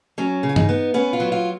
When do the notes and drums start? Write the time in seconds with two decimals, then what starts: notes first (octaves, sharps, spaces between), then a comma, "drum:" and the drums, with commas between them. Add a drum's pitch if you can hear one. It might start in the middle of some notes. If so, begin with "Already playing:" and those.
0.18 F#3 C#4
0.43 C#3
0.49 F4
0.56 D#4, drum: tom G2
0.69 B3
0.94 B3 C#4
1.13 F4
1.20 F#3
1.32 F4